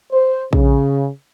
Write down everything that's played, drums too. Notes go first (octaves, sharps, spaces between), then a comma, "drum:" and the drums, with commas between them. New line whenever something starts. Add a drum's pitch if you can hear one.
C5
C#3, drum: kick A#1